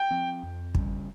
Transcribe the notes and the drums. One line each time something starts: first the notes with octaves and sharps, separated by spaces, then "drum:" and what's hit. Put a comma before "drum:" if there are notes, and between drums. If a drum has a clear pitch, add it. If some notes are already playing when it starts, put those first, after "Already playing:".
Already playing: G5
F3 C4
F2
C#3 G3 C#4, drum: kick